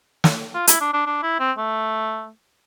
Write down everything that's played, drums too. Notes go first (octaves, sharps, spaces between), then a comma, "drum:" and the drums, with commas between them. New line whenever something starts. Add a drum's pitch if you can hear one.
drum: snare
F4
E4, drum: hi-hat
D4
D4
D4
E4
C4
A3